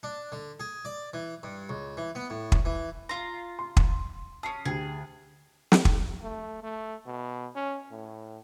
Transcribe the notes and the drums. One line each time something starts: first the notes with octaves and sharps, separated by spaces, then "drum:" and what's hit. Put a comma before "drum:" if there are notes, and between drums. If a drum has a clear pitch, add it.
D4
D3
G#4
D5
E3
G2
C#2
E3
B3
A2
drum: kick
E3
F4 A#5 C6
C6
drum: kick
C#4 A5 D#6 C7
D2 G4 G#4
drum: snare
drum: kick
A3
A3
B2
C#4
A2